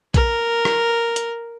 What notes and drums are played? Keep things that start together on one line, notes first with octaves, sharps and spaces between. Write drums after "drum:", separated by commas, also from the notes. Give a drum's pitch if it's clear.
A#4, drum: kick A#1, hi-hat
drum: rim click
drum: hi-hat